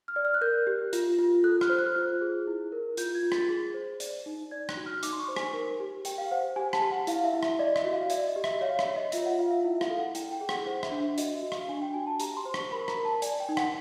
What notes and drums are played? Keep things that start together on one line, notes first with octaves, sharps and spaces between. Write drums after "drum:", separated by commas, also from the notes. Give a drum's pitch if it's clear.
F6
D5
F6
F#6
A#4 G6
G4
F4, drum: hi-hat
F4
A4 F#6
F6, drum: rim click
C5
F#6
F6
F4 F#6
G#4
E4
A#4
F4 G6, drum: hi-hat
G#6
F4
A6, drum: rim click
G#4
C5
D5, drum: hi-hat
D#4
D5 G#6
F#6, drum: rim click
F#4
F6
D#4 D6, drum: hi-hat
C6
C#6
C5
G#5, drum: rim click
A#4
G4
G4 G5, drum: hi-hat
F5
C5 F#5
G4 G#5
A5, drum: rim click
G4
F#5
E4 F5, drum: hi-hat
E5
E4
E5, drum: rim click
D5 D#5
E5, drum: rim click
F#4
F5
D5 E5, drum: hi-hat
D#5
G4
E5, drum: rim click
C#5 F5
E5, drum: rim click
C#5
D#5
F4 E5, drum: hi-hat
F#5
F4 F5
E5
E4 E5
F5, drum: rim click
A4
F#5
E4 G5, drum: hi-hat
G5
G#4
F#5, drum: rim click
C5 F#5
E5, drum: rim click
D4
E5
F#4 D#5, drum: hi-hat
E5
F#4
F5, drum: rim click
D4 G#5
G5
F#4 G#5
A5
G4 A#5, drum: hi-hat
C6
C5
C#6, drum: rim click
A#4 B5
A#5, drum: rim click
A#4
A5
D5 G#5, drum: hi-hat
G5
D#4
F#5, drum: rim click